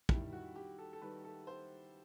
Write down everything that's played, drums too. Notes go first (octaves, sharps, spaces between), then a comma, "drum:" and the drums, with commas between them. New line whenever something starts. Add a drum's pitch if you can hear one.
D#3 G3 E4, drum: kick
F#4
G4
A4
A4
D#3 G3 B4
A4
C5